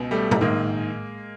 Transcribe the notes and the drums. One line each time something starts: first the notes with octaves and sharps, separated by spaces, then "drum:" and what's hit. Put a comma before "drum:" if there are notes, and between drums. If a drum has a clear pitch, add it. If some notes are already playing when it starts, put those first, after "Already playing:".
Already playing: C#2 B2
G3 A3
drum: tom A2
A#1 G#2 D#3 G#3 A#3